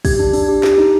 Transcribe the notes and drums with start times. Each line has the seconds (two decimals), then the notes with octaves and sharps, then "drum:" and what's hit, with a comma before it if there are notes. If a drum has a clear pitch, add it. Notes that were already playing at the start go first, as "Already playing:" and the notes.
0.05 G4 G#6, drum: kick, open hi-hat
0.19 D4
0.33 D4, drum: open hi-hat
0.49 G4
0.63 G4, drum: snare
0.78 D#4